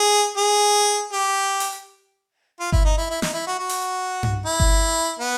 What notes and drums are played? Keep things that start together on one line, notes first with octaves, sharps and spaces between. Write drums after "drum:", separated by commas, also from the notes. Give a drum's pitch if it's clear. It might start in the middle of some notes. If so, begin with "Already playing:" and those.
Already playing: G#4
G#4
G4
drum: open hi-hat
F4
E4, drum: kick G1
D#4
E4
E4
D#4, drum: snare
E4
F#4
F#4
drum: open hi-hat
drum: tom G2
E4
drum: kick G1
B3